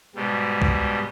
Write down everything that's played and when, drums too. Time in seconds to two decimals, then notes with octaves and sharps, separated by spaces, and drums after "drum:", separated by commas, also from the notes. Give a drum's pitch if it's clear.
0.15 G#2 B2 G3
0.62 drum: kick B1